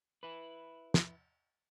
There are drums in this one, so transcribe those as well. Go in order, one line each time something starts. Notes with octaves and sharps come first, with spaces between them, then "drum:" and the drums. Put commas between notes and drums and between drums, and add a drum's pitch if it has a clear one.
E4 B4
drum: snare